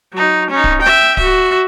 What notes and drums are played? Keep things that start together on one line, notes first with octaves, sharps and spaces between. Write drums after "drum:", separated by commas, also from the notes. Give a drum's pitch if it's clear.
F#3 D#4
C#4 D#4
drum: kick D1
E5 G5
F#4 E5, drum: kick D1